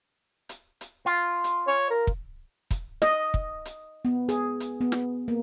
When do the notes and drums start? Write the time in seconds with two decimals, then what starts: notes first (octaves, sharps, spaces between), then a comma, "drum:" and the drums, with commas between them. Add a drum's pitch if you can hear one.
0.49 drum: hi-hat
0.81 drum: hi-hat
1.06 F4
1.44 drum: hi-hat
1.67 C#5
1.90 A#4
2.07 drum: kick
2.71 drum: kick, hi-hat
3.02 D#5, drum: snare
3.34 drum: kick
3.65 drum: hi-hat
4.05 B3
4.29 G#4, drum: hi-hat
4.60 drum: hi-hat
4.81 B3
4.92 drum: snare
5.28 A#3